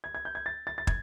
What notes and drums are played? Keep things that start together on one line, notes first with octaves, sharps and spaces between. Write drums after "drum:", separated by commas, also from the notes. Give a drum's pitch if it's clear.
G#6
G#6
G6
G#6
A6
A6
A6
G#6, drum: kick